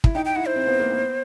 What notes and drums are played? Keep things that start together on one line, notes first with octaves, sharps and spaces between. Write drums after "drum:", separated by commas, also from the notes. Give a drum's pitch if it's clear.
E4, drum: kick
D#4 G5
G5
E4 F#5
C5
C4
B3
A#3
B3